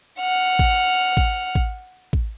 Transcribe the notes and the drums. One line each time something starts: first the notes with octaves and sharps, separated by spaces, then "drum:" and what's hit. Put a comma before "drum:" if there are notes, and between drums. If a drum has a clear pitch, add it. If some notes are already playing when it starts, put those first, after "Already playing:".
F#5 F6
drum: kick A1
drum: kick A1
drum: kick A1
drum: kick A1